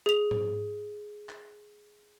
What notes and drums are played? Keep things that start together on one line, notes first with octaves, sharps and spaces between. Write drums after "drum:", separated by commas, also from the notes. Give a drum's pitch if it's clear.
G#4 F7
drum: tom G#2
drum: clap